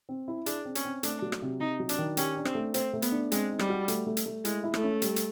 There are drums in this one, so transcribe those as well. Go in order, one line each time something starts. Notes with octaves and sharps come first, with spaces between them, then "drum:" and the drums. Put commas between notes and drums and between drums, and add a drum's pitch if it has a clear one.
C4
E4
D4 G#4, drum: hi-hat
C4
C#4, drum: hi-hat
C4
A3 D4, drum: hi-hat
F#3
drum: rim click
C3
C3 D#4
F#3
D4, drum: hi-hat
D#3
C#4 G4, drum: hi-hat
D4
C4, drum: rim click
A3
C4 C5, drum: hi-hat
A3
B3, drum: hi-hat
D4
G#3 C4, drum: hi-hat
D#4
G3, drum: rim click
F#4
A3, drum: hi-hat
A3
drum: hi-hat
A3
G#3 E4, drum: hi-hat
E4
A3, drum: rim click
C#4
G3, drum: hi-hat
drum: hi-hat